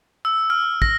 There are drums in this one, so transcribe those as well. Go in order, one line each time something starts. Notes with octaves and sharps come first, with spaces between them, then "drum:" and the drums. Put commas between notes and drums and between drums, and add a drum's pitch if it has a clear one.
E6
F6
A#6, drum: kick